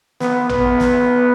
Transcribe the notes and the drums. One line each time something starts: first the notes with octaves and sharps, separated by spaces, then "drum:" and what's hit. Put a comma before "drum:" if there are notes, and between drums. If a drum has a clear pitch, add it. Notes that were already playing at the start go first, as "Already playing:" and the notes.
B3, drum: snare
B3, drum: tom A1
drum: snare